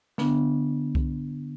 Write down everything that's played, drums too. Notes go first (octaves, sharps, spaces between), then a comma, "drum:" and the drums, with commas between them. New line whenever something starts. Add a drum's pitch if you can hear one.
D3 B3 D4, drum: snare
drum: kick C2